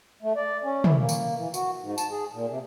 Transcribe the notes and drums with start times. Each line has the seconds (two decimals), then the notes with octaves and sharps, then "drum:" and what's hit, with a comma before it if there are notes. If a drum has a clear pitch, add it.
0.22 A3
0.36 D5
0.64 C#4
0.84 E4, drum: tom
0.99 A#3
1.09 drum: tambourine
1.36 E3
1.54 F#4, drum: tambourine
1.82 G#2
1.98 A5, drum: tambourine
2.11 G#4
2.33 A#2
2.49 C3